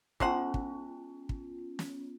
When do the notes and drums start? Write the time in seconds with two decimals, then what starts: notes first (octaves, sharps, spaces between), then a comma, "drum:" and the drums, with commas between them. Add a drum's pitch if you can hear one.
0.20 G#3 B3 C#4 F4 C5 F#5, drum: kick
0.54 drum: kick
1.29 drum: kick
1.79 drum: snare